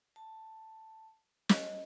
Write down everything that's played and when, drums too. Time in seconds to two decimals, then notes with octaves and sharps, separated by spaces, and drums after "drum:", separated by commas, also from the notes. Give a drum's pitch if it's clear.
0.16 A5
1.49 D#5, drum: snare